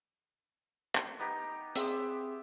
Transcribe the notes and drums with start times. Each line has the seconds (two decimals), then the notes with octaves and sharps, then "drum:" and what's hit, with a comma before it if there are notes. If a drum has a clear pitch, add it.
0.95 drum: clap
1.19 B3 D#4 G4
1.76 C4 G4 G#4 E5 C6, drum: hi-hat